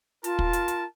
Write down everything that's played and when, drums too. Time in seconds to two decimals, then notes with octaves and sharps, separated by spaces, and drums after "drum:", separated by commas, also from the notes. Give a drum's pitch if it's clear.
0.24 F4 A#4 A5, drum: hi-hat
0.39 drum: kick
0.53 drum: hi-hat
0.68 drum: hi-hat